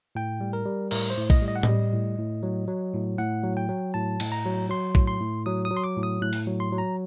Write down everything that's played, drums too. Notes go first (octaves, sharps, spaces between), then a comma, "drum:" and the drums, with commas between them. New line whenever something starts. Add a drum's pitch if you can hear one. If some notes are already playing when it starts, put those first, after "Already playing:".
A2 G5
G3
A#4
G3
A2 A#4, drum: cymbal
C5
A2
D#5, drum: kick A#1
G3
D#5
F#5
G3 D#5, drum: tom A2
A2
A2
F#3
F#3
A2
A2 F#5
F#3
G5
F#3
A2 A5
A2, drum: cymbal
A#5
F#3
F#3 C6
A2, drum: kick A#1
C6
A2
F#3 D#6
D#6
F#3
C6
D6
A2
D#6
A2 F#6
drum: open hi-hat
F#3
C6
F#3
A#5